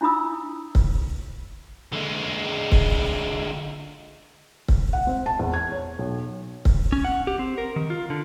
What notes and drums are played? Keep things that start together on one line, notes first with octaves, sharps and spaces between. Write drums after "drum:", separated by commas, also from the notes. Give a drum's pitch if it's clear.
D4 E4 F4 B5 D#6 E6
drum: kick C#1
D3 G#3
drum: kick C#1
drum: kick C#1
F#5
C4
A5
E2
G#6
C#5
B1
drum: kick C#1
C#4
F#5
G4
C4
A#4
D#3
F4
D3